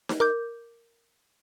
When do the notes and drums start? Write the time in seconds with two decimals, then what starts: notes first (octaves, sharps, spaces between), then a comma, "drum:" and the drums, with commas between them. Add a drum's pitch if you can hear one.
0.09 drum: snare D#4
0.20 A#4 D6 G6